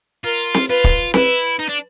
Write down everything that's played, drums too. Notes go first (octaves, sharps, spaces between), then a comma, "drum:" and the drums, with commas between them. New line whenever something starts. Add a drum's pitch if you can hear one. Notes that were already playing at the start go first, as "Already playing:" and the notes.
F4 A#4
drum: snare C4
F4 B4
drum: kick
E4 B4, drum: snare C4
D#4
D4